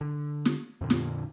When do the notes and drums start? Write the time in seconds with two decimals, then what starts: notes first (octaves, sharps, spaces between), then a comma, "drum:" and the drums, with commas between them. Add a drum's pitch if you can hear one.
0.01 D3
0.46 drum: snare
0.81 F2 A#2 D3
0.90 drum: snare